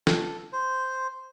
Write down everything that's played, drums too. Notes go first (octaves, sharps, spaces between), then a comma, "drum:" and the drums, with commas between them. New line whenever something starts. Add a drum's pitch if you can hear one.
A4, drum: snare
C5